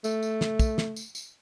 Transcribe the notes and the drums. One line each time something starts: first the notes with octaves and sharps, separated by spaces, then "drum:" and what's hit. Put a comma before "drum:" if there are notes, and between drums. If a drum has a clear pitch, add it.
A3, drum: tambourine
drum: tambourine
drum: snare
drum: kick, tambourine
drum: snare
drum: tambourine
drum: tambourine